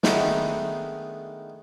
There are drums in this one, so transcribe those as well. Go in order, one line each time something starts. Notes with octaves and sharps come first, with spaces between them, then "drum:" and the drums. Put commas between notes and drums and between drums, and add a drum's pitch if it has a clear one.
D#3 G#3 A3 B3 D4 D#4, drum: snare